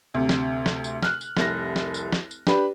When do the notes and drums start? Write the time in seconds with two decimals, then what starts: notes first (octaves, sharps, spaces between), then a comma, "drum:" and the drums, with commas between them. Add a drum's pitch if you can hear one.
0.14 D2 C3
0.29 drum: snare
0.66 drum: snare
0.84 drum: tambourine
1.03 F6 F#6, drum: snare
1.21 drum: tambourine
1.37 F1 C2 A#6, drum: snare
1.76 drum: snare
1.94 drum: tambourine
2.13 drum: snare
2.31 drum: tambourine
2.47 D4 G4 B4 B5, drum: snare